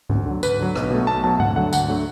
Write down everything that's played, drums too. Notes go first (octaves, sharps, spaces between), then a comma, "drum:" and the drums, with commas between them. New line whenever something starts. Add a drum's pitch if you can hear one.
D2, drum: tom G#2
D3 F#3
D2 B4, drum: tambourine
D3 F#3
B1, drum: rim click
B2 F#3 A3
B1 A5
B2 F#3 A3 A5
D2 F#5, drum: tom G#2
D3 F#3 A3 F#5
D2 F#5, drum: tambourine
D3 F#3 A3